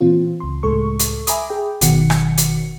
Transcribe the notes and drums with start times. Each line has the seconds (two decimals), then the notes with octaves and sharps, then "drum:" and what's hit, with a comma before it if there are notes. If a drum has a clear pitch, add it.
0.01 A#2 E3 C4 F4
0.40 C#2 C6
0.63 C#2 A2 G#3 A4 C#6
0.99 drum: hi-hat
1.27 E5 G#5 A#5 B5 D6 D#6, drum: hi-hat
1.50 G#4 G5
1.81 G1 B2 D#3 F#3 F#5 C#7, drum: hi-hat
2.10 drum: rim click
2.37 drum: hi-hat